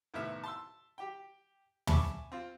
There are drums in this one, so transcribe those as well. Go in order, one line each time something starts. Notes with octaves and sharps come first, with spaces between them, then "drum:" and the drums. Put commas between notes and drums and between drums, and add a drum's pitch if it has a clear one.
D#2 A2 C3 B3 E5 F6
A5 C6 E6
G4 G5
E5 G#5 A5 B5 C#6 D6, drum: tom
C4 F4